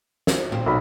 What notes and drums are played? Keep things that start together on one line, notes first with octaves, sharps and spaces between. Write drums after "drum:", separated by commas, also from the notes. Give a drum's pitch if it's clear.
drum: snare
A#2 C4
B1 B5